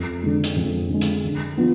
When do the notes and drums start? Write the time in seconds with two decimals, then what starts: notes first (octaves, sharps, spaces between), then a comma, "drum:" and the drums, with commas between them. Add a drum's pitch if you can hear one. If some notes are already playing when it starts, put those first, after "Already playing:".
Already playing: F2
0.23 D3 G#3
0.44 drum: hi-hat
0.56 F2
0.90 D3 G#3
1.01 drum: hi-hat
1.24 D3
1.57 F3 B3 F4